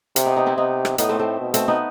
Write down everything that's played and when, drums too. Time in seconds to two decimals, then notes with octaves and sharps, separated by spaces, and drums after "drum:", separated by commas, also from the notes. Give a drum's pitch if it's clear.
0.16 C3, drum: hi-hat
0.26 B3 D#4
0.36 B3 D#4
0.46 C4 E4
0.57 C3 B3 D#4
0.85 drum: rim click
0.98 A2 B3 D#4, drum: hi-hat
1.09 A3 C4
1.19 A3 C4
1.40 B2
1.54 A3 C4, drum: hi-hat
1.68 B3 D#4